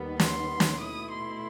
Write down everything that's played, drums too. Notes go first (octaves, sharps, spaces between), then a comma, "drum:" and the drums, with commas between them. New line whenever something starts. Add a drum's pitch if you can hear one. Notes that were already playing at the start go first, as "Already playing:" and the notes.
Already playing: D#2 D#3 G3 B3
C6, drum: snare
drum: snare
B2 A3 E4 D#6
C6